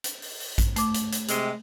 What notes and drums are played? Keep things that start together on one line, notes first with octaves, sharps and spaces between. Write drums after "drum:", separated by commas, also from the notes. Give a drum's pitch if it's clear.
drum: hi-hat
drum: open hi-hat
drum: open hi-hat
drum: kick A1, hi-hat
A3 D6, drum: hi-hat
drum: hi-hat
drum: hi-hat
C3 G#3, drum: hi-hat